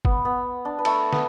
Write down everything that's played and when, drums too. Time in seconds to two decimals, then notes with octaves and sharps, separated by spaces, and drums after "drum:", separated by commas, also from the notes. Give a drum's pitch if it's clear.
0.05 B3, drum: kick
0.25 B3
0.65 D4
0.79 B4
0.85 A3 A4, drum: cymbal
1.13 B3 B4, drum: snare